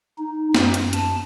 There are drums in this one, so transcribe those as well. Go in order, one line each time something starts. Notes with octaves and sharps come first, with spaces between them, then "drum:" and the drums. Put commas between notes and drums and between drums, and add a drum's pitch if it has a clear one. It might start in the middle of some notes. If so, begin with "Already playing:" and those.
D#4
F#2, drum: snare
drum: hi-hat
A5, drum: hi-hat